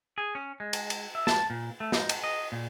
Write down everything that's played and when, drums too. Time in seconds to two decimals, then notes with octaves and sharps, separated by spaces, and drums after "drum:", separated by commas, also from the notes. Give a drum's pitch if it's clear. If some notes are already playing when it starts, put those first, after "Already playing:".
0.18 G#4
0.35 C#4
0.60 G#3
0.73 drum: cymbal
0.90 drum: cymbal
1.15 E5
1.27 A5, drum: snare
1.50 A#2
1.80 A3
1.92 D#4, drum: snare
2.09 drum: cymbal
2.24 D#5
2.52 A#2